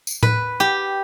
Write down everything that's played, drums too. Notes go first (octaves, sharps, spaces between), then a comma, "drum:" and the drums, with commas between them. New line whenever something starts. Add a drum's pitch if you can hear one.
drum: tambourine
B4, drum: tom A2
G4